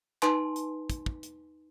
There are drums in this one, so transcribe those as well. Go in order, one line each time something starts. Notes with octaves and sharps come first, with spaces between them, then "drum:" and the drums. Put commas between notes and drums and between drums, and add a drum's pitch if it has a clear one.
D#4 B4 G#5 A5 C6, drum: clap
drum: hi-hat
drum: kick, hi-hat
drum: kick
drum: hi-hat